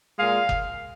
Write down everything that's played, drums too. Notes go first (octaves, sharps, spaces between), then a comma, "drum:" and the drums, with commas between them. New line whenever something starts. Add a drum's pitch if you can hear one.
A#2 G#3 F5
drum: kick F#1